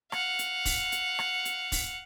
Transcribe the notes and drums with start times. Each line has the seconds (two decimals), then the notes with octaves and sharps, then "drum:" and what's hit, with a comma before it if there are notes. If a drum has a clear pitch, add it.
0.12 F5 F#5, drum: rim click
0.39 drum: hi-hat
0.65 drum: kick, open hi-hat
0.92 drum: hi-hat
1.19 drum: rim click
1.45 drum: hi-hat
1.72 drum: kick, open hi-hat